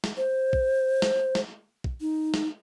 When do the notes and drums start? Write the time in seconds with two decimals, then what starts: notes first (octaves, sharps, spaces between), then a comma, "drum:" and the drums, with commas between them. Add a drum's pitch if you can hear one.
0.04 drum: snare
0.17 C5
0.53 drum: kick
1.02 drum: snare
1.35 drum: snare
1.84 drum: kick
2.01 D#4
2.34 drum: snare